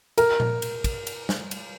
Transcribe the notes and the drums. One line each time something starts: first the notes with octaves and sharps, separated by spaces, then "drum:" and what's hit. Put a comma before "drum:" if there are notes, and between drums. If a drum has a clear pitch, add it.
A#4, drum: cymbal
drum: tom A#2
drum: cymbal
drum: kick, cymbal
drum: cymbal
drum: snare
drum: cymbal